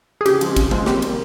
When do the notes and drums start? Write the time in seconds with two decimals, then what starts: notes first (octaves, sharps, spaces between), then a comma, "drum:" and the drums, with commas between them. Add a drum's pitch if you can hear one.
0.21 G#4
0.26 C#3 G4, drum: cymbal
0.41 F3 G#3 C4, drum: cymbal
0.57 C#3, drum: kick, cymbal
0.71 F3 G#3 C4, drum: tom G#3
0.86 C3 G4, drum: snare
1.02 D#3 G3, drum: cymbal